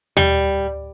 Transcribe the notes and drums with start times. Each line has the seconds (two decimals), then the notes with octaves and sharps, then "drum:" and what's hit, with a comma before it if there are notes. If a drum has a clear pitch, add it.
0.17 G3, drum: tom D#2